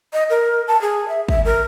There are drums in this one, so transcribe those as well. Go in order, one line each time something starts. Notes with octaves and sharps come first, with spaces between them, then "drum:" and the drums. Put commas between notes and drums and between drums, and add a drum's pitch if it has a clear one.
D#5
A#4
A5
G#4
E5
E5, drum: kick
A#4